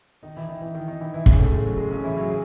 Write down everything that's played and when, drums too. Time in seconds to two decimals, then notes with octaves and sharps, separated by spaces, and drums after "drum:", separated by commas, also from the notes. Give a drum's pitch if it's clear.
0.23 D#3 D#4
0.37 E3 E4
0.49 D#3 D#4
0.62 E3 E4
0.74 D#3 D#4
0.88 D#3 D#4
1.00 E3 E4
1.14 E3 E4
1.26 C#3 C#4, drum: kick
1.39 A2 A3
1.53 G#3
1.65 F#3
1.78 G#3
1.91 C#3 C#4
2.04 E3 E4
2.17 F#3 F#4
2.30 G#4